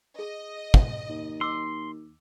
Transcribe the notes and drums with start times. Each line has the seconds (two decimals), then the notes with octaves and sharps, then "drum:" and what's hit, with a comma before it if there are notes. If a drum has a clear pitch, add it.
0.19 G#4 D#5
0.74 drum: kick
1.09 D#2
1.41 C6 D6 E6